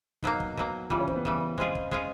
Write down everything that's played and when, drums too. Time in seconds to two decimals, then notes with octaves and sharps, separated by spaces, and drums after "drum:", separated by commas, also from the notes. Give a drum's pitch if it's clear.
0.23 B2 F#3 A#3 D#4, drum: kick
0.40 drum: kick
0.57 B2 F#3 A#3, drum: kick
0.90 C#3 E3 G3 F4, drum: kick
0.99 C#4
1.08 C4, drum: kick
1.16 B3
1.25 C#3 E3 G3, drum: kick
1.58 G#3 C4 C#4 F4 G#4, drum: kick
1.75 drum: kick
1.91 G#3 C#4 F4 G#4, drum: kick